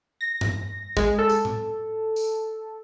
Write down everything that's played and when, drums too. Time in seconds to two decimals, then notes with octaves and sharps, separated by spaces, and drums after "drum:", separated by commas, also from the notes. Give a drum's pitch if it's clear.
0.21 A#6
0.41 drum: tom G2
0.97 G#3, drum: kick
1.19 A4
1.29 drum: tambourine
1.45 drum: tom A2
2.16 drum: tambourine